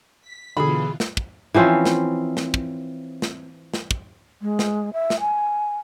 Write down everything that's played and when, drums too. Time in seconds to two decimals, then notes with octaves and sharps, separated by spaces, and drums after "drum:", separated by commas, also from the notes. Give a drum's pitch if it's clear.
0.21 B6
0.57 B2 D3 E3 F4 G#4 B5
1.00 drum: snare
1.17 drum: kick
1.54 E3 F3 C4 C#4
1.85 drum: snare
2.37 drum: snare
2.54 drum: kick
3.22 drum: snare
3.74 drum: snare
3.91 drum: kick
4.42 G#3
4.59 drum: snare
4.93 E5
5.10 drum: snare
5.20 G#5